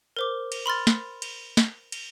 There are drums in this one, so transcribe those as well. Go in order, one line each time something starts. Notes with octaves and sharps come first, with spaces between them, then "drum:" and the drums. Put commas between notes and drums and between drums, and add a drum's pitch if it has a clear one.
A#4 C5 D6
drum: cymbal
B5 C6 F6 A6
drum: snare
drum: cymbal
drum: snare
drum: cymbal